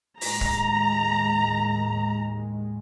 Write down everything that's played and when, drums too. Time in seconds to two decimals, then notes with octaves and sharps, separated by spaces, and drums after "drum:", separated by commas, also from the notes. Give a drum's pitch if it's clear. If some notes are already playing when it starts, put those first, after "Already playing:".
0.21 D#2 A2 G#3 A#5, drum: open hi-hat
0.41 drum: kick